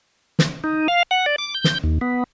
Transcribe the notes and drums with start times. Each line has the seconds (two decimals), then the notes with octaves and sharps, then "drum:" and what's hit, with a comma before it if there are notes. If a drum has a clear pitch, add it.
0.39 drum: snare
0.64 D#4
0.88 F5
1.11 F#5
1.26 D5
1.38 D6
1.55 G6
1.64 drum: snare
1.84 D#2
2.01 B3